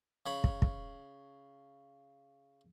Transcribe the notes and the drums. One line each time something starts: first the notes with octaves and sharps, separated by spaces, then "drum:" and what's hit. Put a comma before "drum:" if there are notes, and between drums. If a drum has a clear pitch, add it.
C#3 C#5 B5
drum: kick
drum: kick